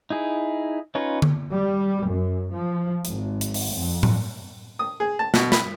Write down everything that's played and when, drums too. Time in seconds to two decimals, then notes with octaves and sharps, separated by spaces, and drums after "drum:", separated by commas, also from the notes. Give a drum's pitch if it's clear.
0.10 D#4 E4 G#4
0.95 C#4 D#4 F4 B4 C#5
1.22 drum: tom D3
1.49 G3
2.03 F#2
2.53 F3
3.05 G#1, drum: hi-hat
3.41 drum: hi-hat
3.54 drum: open hi-hat
3.74 F2
4.03 drum: tom A2
4.79 D#6
5.00 G#4
5.19 A5
5.34 B2, drum: snare
5.52 B5, drum: snare